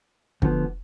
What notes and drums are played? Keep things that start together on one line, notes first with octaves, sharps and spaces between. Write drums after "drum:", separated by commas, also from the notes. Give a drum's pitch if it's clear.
D2 D3 F3 B3, drum: kick